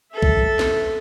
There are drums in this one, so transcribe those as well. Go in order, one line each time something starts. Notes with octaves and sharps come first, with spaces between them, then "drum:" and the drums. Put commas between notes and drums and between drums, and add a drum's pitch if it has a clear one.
A4 E5
drum: kick B1
drum: snare